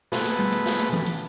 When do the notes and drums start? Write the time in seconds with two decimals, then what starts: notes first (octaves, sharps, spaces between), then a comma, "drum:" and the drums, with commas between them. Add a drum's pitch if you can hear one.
0.12 B2 G#3 A3 B4, drum: snare
0.25 drum: hi-hat
0.39 drum: tom G3
0.52 drum: hi-hat
0.66 drum: snare
0.79 drum: hi-hat
0.93 drum: tom E3
1.06 drum: hi-hat